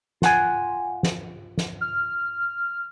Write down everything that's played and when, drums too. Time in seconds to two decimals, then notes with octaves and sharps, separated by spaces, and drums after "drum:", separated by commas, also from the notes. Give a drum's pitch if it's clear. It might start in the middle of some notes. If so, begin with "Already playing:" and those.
0.22 F4 F#5 G#5, drum: snare
1.03 drum: snare
1.58 drum: snare
1.81 F6